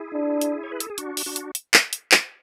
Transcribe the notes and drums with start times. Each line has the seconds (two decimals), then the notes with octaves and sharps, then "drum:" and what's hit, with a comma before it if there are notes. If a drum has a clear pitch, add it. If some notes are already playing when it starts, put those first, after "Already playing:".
Already playing: E4 G#4
0.13 D4
0.41 drum: hi-hat
0.63 C#5
0.72 B4
0.80 A4, drum: hi-hat
0.90 G#4
0.98 D4 F#4, drum: hi-hat
1.17 drum: open hi-hat
1.26 D4 F#4
1.36 drum: hi-hat
1.55 drum: hi-hat
1.74 drum: clap
1.93 drum: hi-hat
2.12 drum: clap